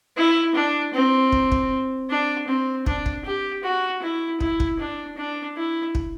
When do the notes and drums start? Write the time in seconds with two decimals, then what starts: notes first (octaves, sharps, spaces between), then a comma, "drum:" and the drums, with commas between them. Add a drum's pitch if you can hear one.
0.17 E4
0.55 D4
0.94 C4
1.32 drum: kick
1.52 drum: kick
2.10 D4
2.48 C4
2.86 D4, drum: kick
3.06 drum: kick
3.25 G4
3.64 F#4
4.02 E4
4.41 E4, drum: kick
4.60 drum: kick
4.79 D4
5.17 D4
5.57 E4
5.95 drum: kick